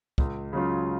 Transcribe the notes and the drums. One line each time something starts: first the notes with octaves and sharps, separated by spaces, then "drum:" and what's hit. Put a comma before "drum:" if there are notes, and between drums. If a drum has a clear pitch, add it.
C#2, drum: kick
C#3 F#3 C#4 F4